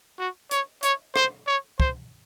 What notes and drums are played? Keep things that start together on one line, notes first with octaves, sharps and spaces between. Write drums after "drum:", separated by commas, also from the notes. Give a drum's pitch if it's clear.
F#4
C#5, drum: hi-hat
C#5, drum: hi-hat
C5, drum: rim click
C#5
C5, drum: kick